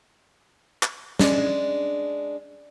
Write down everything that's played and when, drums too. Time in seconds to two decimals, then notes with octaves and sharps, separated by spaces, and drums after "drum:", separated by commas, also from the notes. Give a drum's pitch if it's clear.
0.83 drum: clap
1.19 G#3 C#4 D4 D5, drum: snare